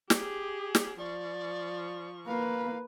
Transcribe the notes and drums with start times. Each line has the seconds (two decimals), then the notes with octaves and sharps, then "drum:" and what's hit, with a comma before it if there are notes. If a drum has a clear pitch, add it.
0.10 G4 G#4, drum: snare
0.75 drum: snare
0.99 F3 D5 C#6
2.27 A#3 B4 F5